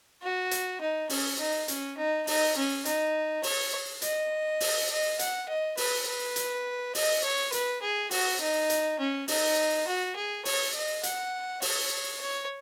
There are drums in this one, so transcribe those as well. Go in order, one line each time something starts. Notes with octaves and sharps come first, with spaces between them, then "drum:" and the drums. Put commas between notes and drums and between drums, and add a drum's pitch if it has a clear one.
F#4
drum: hi-hat
D#4
C#4, drum: open hi-hat
D#4
C#4, drum: hi-hat
D#4
D#4, drum: open hi-hat
C#4
D#4, drum: hi-hat
C#5, drum: open hi-hat
D#5, drum: hi-hat
drum: open hi-hat
D#5
F#5, drum: hi-hat
D#5
B4, drum: open hi-hat
B4
drum: hi-hat
D#5, drum: open hi-hat
C#5
B4, drum: hi-hat
G#4
F#4, drum: open hi-hat
D#4
drum: hi-hat
C#4
D#4, drum: open hi-hat
F#4
G#4
C#5, drum: open hi-hat
D#5
F#5, drum: hi-hat
C#5, drum: open hi-hat
C#5